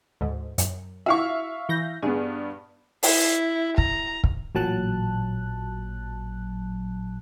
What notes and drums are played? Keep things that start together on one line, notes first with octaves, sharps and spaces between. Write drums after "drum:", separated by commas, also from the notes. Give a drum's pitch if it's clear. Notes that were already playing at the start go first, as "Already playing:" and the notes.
D2 G#2
F#2, drum: hi-hat
E4 F#4 E5 F5 C#6
E3 G6 A#6
G2 B3 G#4
E4, drum: open hi-hat
A#5, drum: kick
drum: kick
A1 A#2 F#3 A5 F#6